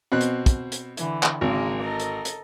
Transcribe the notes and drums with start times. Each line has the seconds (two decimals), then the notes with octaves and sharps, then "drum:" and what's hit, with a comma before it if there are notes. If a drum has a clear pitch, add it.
0.12 B2 C4 F#6
0.21 drum: hi-hat
0.46 drum: kick, hi-hat
0.72 drum: hi-hat
0.97 D3 E3, drum: hi-hat
1.23 drum: clap
1.41 G#1 C#3 G#3 A#3
1.82 A4 A#4 D#5
2.00 drum: hi-hat
2.25 drum: hi-hat